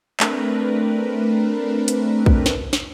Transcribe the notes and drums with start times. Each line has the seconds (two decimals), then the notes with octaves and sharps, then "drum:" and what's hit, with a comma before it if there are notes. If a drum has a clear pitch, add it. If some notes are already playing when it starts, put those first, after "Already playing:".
0.20 A3 C4 D4 A#4 B4, drum: clap
1.88 drum: hi-hat
2.26 drum: kick A#1
2.46 drum: snare
2.73 drum: snare